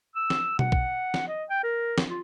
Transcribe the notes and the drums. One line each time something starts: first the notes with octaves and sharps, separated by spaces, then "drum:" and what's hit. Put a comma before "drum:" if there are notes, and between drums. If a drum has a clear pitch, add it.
E6
drum: snare
F#5, drum: tom B2
drum: kick B1
drum: snare
D#5
G5
A#4
drum: snare
F4